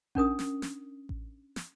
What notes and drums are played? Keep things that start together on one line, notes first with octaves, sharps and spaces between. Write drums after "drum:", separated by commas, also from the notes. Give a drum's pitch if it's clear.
C#4 D4 A#4 D#6, drum: kick A1
drum: snare
drum: snare
drum: kick A1
drum: snare